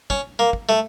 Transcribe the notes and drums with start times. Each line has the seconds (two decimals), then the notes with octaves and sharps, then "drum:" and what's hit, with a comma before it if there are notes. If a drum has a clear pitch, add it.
0.10 C#4, drum: kick
0.39 A#3
0.53 drum: kick
0.69 A3